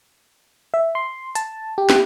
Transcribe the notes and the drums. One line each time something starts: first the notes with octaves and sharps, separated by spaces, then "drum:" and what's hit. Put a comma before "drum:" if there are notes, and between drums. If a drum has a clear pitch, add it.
E5
C6
A5, drum: hi-hat
G4
drum: snare